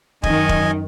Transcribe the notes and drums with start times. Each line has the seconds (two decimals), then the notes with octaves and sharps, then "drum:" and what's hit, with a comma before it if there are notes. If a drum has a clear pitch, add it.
0.23 F#2 D#3 D#5 G#5, drum: kick
0.49 drum: kick